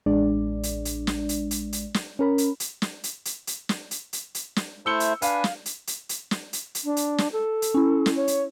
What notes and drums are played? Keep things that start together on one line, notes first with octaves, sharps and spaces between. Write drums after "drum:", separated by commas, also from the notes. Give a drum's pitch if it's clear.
A1 G#3 D4 D5
drum: hi-hat
drum: hi-hat
drum: snare
drum: hi-hat
drum: hi-hat
drum: hi-hat
drum: snare
C#4 A#4 B5
drum: hi-hat
drum: hi-hat
drum: snare
drum: hi-hat
drum: hi-hat
drum: hi-hat
drum: snare
drum: hi-hat
drum: hi-hat
drum: hi-hat
drum: snare
A3 E4 C5 E6 C#7 G7
drum: hi-hat
D4 B4 F5 G#5, drum: hi-hat
drum: snare
drum: hi-hat
drum: hi-hat
drum: hi-hat
drum: snare
drum: hi-hat
drum: hi-hat
D4
drum: hi-hat
drum: snare
A4
drum: hi-hat
C#4 E4
drum: snare
C#5
drum: hi-hat